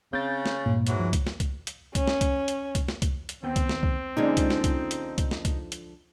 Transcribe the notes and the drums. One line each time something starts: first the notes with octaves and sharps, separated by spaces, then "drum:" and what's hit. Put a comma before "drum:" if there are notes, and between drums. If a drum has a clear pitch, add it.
C#3 C4 G6 A6
drum: snare
D2 G2 A#2 G#3
G#2 E3 F#3, drum: hi-hat
F3
drum: kick C2, hi-hat
drum: snare
drum: kick C2, hi-hat
drum: hi-hat
C#4, drum: kick C2, hi-hat
drum: snare
drum: kick C2, hi-hat
drum: hi-hat
drum: kick C2, hi-hat
drum: snare
drum: kick C2, hi-hat
drum: hi-hat
D#2 B3 C4 G5
drum: kick C2, hi-hat
drum: snare
drum: kick C2
D3 F3 G#3 A#3 C#4 D#4
drum: kick C2, hi-hat
drum: snare
drum: kick C2, hi-hat
drum: hi-hat
drum: kick C2, hi-hat
drum: snare
drum: kick C2, hi-hat
drum: hi-hat